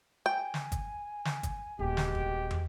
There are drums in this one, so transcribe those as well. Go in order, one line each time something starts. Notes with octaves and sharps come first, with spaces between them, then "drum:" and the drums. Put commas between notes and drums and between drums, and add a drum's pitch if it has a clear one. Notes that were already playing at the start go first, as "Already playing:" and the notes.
G5 G#5
drum: snare
drum: kick, hi-hat
drum: snare
drum: kick, hi-hat
D#1 B2 G#3 G4
drum: snare
drum: kick
drum: tom